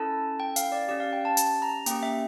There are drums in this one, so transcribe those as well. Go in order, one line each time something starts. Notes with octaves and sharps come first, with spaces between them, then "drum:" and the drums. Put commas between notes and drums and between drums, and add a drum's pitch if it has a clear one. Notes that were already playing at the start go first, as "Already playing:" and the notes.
Already playing: C#4 E4 A4 A5
G5
F5, drum: hi-hat
D5
C#4 G4 D5
F5
G5
A5
A5, drum: hi-hat
A#5
A#3 C#4 G4 G5, drum: hi-hat
E5